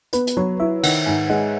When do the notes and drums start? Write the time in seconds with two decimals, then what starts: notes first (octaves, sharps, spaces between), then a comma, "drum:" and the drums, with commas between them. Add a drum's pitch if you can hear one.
0.13 B3 B4, drum: hi-hat
0.27 drum: hi-hat
0.37 F#3 C#5
0.60 E4 E5
0.83 D#3 F#5, drum: cymbal
1.06 G#2 G#5
1.29 G#3 F#5